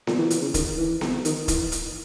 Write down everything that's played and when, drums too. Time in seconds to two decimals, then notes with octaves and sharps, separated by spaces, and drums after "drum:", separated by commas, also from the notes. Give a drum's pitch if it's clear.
0.07 A#2, drum: snare B3
0.19 E3
0.30 drum: hi-hat
0.42 C#3
0.54 D#3, drum: kick D#1, hi-hat
0.78 E3
1.01 drum: snare B3
1.25 D#3, drum: hi-hat
1.48 E3, drum: kick D#1, hi-hat
1.72 drum: hi-hat